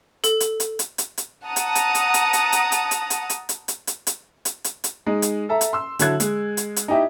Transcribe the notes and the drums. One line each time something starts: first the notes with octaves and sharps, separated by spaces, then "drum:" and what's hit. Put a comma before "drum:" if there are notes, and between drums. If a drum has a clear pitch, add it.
A4, drum: hi-hat
drum: hi-hat
drum: hi-hat
drum: hi-hat
drum: hi-hat
drum: hi-hat
F#5 A5 A#5 D#6
drum: hi-hat
drum: hi-hat
drum: hi-hat
drum: hi-hat
drum: hi-hat
drum: hi-hat
drum: hi-hat
drum: hi-hat
drum: hi-hat
drum: hi-hat
drum: hi-hat
drum: hi-hat
drum: hi-hat
drum: hi-hat
drum: hi-hat
drum: hi-hat
drum: hi-hat
G#3 D#4
drum: hi-hat
A4 E5 A#5
drum: hi-hat
C6 E6
D3 F#3 E4 A4 F#6 G#6, drum: hi-hat
G#3, drum: hi-hat
drum: hi-hat
drum: hi-hat
D#4 E4 G4 E5